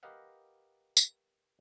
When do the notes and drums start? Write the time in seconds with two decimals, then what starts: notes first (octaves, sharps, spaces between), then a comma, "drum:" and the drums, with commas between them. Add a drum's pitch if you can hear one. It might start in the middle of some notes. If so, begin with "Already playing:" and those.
0.03 G4 A#4 B4 D#5 F5 F#5
0.97 drum: tambourine